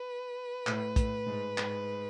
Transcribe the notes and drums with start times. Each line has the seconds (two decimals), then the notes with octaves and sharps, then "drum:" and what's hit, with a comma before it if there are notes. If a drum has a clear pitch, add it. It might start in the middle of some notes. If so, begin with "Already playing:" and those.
Already playing: B4
0.67 A2, drum: clap
0.96 A2, drum: kick, hi-hat
1.27 G#2
1.58 G#2, drum: clap